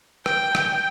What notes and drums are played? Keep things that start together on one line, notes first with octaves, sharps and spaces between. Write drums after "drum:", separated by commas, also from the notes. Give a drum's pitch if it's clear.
G5, drum: rim click
G5, drum: rim click